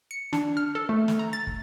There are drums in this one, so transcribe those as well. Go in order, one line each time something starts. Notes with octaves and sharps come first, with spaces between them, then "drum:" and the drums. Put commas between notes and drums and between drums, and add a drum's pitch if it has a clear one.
C#7
D4, drum: snare
F6
A4
A3
drum: snare
A#5
A6
drum: kick